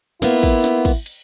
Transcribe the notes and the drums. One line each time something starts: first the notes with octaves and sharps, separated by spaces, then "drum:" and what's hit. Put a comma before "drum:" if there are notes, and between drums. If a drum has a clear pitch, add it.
A#3 B3 E4 F4, drum: snare
drum: kick, cymbal
drum: snare
drum: kick, cymbal
drum: cymbal